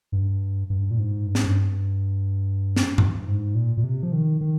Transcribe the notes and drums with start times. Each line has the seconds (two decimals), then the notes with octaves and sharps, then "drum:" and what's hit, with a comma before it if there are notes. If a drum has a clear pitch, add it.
0.12 G2
0.70 G2
0.91 A#2
0.98 G#2
1.27 G2
1.35 G#2, drum: snare
1.44 G2
2.76 drum: snare
2.98 G2, drum: tom G2
3.27 G#2
3.55 A#2
3.77 A#2
3.84 C3
4.03 F3
4.12 D#3
4.41 D#3